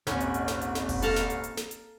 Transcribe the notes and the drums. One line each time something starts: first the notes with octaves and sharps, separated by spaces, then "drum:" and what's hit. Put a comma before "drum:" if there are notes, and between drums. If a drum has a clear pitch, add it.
D#1 G#1 C#4, drum: snare
drum: hi-hat
drum: hi-hat
drum: snare
drum: hi-hat
drum: snare
drum: kick F1, open hi-hat
A4 F5 A#5, drum: hi-hat
drum: snare
drum: hi-hat
drum: hi-hat
drum: snare
drum: hi-hat